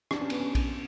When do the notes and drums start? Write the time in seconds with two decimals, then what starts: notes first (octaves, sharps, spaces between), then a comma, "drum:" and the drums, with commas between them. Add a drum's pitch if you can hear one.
0.11 D4, drum: rim click
0.21 C#4
0.30 B3, drum: cymbal
0.40 C#4
0.55 drum: kick A#1, cymbal